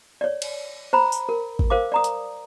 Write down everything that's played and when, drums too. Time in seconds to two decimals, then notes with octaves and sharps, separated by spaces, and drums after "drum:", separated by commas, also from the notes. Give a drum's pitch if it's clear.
0.21 C#5 D5
0.42 drum: cymbal
0.93 C5 A#5 B5
1.12 drum: tambourine
1.29 A#4
1.59 drum: kick A1
1.70 A#4 C5 F5 D6
1.92 D5 A#5 D#6
2.04 drum: hi-hat